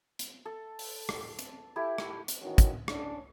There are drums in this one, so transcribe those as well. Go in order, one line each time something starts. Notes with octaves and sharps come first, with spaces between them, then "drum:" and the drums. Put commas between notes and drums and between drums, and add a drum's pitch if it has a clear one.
drum: hi-hat
A4
drum: open hi-hat
drum: rim click
drum: hi-hat
E4 G4 A4
drum: rim click
drum: hi-hat
A2 D#3 E3 C#4 F#4
drum: kick, hi-hat
C#4 D4, drum: rim click